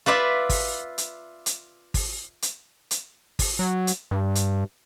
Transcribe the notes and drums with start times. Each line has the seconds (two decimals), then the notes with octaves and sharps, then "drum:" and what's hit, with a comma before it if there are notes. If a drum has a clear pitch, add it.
0.06 F4 B4 D5 E5
0.49 drum: kick, open hi-hat
0.98 drum: hi-hat
1.46 drum: hi-hat
1.94 drum: kick, open hi-hat
2.42 drum: hi-hat
2.91 drum: hi-hat
3.39 drum: kick, open hi-hat
3.59 F#3
3.87 drum: hi-hat
4.11 G2
4.35 drum: hi-hat